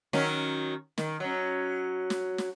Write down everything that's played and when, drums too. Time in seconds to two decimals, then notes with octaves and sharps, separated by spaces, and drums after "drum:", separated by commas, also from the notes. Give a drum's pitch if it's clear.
0.13 D#3 F#3 C#4, drum: snare
0.98 D#3, drum: snare
1.20 F#3 C#4
2.10 drum: snare
2.38 drum: snare